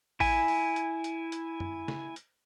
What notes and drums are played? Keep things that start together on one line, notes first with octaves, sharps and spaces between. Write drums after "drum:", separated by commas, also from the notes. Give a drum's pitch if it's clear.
E4 G#5, drum: kick A1, open hi-hat
drum: open hi-hat
drum: hi-hat
drum: hi-hat
drum: hi-hat
drum: tom
drum: snare C#3
drum: hi-hat